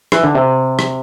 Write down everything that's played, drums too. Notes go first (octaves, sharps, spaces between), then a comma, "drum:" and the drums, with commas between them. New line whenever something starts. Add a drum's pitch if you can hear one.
E3, drum: rim click
D3
C3
drum: rim click